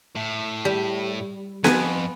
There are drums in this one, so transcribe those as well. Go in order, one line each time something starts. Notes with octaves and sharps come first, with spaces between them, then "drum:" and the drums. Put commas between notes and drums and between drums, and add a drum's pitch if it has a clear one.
A2
G3
F2 B3 B4 G#5, drum: snare B3